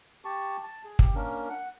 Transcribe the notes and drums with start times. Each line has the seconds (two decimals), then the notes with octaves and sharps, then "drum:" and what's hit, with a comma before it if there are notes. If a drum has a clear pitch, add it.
0.25 G4 A5 C#6
0.63 A5
0.85 G#4
0.99 G4, drum: kick
1.15 A#3 C#4 D4 A#4
1.49 F#5